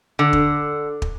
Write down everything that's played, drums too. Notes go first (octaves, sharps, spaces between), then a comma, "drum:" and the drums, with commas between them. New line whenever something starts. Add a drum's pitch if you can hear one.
D3
drum: kick
drum: kick